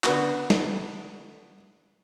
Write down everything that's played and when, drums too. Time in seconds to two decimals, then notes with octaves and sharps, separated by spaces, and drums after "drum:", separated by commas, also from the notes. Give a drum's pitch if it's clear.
0.04 D3 B3 F#4, drum: clap
0.50 drum: snare